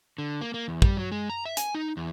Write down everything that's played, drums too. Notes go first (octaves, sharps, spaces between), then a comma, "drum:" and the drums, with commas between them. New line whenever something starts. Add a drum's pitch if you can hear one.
D3
A#3
A#3
E2
G3, drum: kick
F#3
G#3
A#5
E5
G#5, drum: hi-hat
D#4
E2